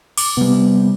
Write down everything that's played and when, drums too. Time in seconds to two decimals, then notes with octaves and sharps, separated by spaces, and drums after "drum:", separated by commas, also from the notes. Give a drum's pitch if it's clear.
0.17 D6, drum: open hi-hat
0.37 C3 G3 B3